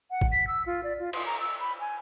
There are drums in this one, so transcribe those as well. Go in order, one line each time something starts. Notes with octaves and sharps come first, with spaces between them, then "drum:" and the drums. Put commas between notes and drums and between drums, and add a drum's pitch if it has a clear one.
F#5
drum: kick A1
B6
E6
F4
D5
F4
C6, drum: cymbal
A#5
E6
B5
G#5